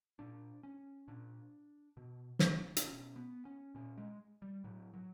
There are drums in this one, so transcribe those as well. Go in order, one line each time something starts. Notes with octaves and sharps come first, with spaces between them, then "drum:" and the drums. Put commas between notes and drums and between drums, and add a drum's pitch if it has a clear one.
A#2 D4
C#4
A#2 D4
B2
drum: snare
D4, drum: hi-hat
B2 C#4
B3
C#4
A#2 C#4
G#3
G3
A2 F#3
F#3